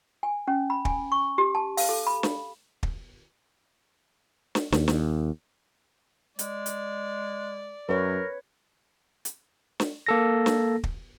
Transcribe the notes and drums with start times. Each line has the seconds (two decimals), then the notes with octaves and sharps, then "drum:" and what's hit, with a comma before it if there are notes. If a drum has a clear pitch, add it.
0.23 G#5
0.48 C#4
0.70 B5
0.85 G#5, drum: kick
1.12 C#6
1.38 G4
1.55 A5
1.77 F5, drum: open hi-hat
1.89 A4
2.07 B5
2.23 drum: snare
2.83 drum: kick
4.55 drum: snare
4.72 D#2, drum: snare
4.88 drum: snare
6.39 G#3 D5, drum: hi-hat
6.66 drum: hi-hat
7.89 F#2 A#4 B4 C#5
9.25 drum: hi-hat
9.80 drum: snare
10.06 A#3 A4 A#6
10.46 drum: snare
10.84 drum: kick